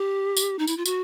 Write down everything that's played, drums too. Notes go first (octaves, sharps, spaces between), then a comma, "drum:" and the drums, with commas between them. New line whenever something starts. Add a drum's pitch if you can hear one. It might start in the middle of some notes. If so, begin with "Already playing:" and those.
Already playing: G4
drum: tambourine
D#4
E4, drum: tambourine
F4
F#4, drum: tambourine